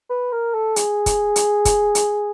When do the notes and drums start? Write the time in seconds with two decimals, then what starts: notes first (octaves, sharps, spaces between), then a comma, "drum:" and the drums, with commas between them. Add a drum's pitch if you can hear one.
0.10 B4
0.32 A#4
0.54 A4
0.76 G#4, drum: hi-hat
1.06 drum: kick, hi-hat
1.36 drum: hi-hat
1.65 drum: kick, hi-hat
1.95 drum: hi-hat